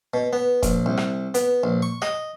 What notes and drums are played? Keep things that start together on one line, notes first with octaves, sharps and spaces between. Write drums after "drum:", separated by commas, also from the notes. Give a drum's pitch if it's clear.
B2
B3
A#1, drum: kick E1, hi-hat
C2
drum: rim click
B3, drum: hi-hat
A#1
C#6
D#5, drum: rim click